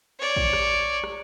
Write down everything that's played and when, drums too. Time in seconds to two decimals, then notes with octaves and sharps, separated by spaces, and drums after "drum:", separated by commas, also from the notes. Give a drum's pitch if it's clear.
0.20 C#5 D5
0.36 drum: kick A1
0.53 drum: rim click
1.04 drum: rim click